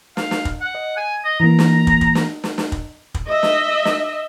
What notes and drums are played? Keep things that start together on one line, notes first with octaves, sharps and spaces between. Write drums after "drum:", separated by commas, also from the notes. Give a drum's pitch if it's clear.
F5, drum: snare
drum: snare
drum: kick
F#5
D#5
G#5
D#5
E3 A#3 A#5
drum: snare
drum: kick
drum: kick
drum: snare
drum: snare
drum: snare
drum: kick
drum: kick
D#5 E5
drum: snare
drum: snare